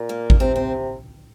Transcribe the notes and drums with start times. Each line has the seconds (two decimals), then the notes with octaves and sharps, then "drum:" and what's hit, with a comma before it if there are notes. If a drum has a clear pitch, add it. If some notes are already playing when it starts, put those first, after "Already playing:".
Already playing: A#2
0.09 A#3
0.30 drum: kick G#1
0.40 C3 C4
0.56 C4